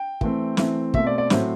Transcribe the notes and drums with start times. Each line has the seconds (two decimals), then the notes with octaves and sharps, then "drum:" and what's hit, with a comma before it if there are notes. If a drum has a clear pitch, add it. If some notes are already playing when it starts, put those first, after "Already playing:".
Already playing: G5
0.21 E3 A3 C4, drum: kick
0.57 E3 A3 C4, drum: snare
0.94 B2 A3 C4 E5, drum: kick
1.07 D5
1.18 D5
1.30 A2 F#3 A3 C4 C5, drum: snare